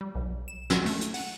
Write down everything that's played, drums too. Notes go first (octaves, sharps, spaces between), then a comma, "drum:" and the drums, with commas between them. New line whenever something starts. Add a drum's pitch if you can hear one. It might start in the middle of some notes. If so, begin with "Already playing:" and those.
G3
B1
E7
F#3, drum: snare
A3, drum: open hi-hat
drum: hi-hat
F#5, drum: open hi-hat